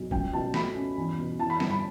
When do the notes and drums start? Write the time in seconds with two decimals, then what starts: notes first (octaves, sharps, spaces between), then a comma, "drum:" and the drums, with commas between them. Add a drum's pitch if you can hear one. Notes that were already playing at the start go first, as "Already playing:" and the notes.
Already playing: B1
0.11 C#2 G5, drum: kick
0.33 B2 A5
0.54 A3 B5, drum: snare
0.75 C#4
0.97 E2
1.18 B2
1.39 E3 A5
1.50 B5
1.60 G1, drum: snare
1.70 B5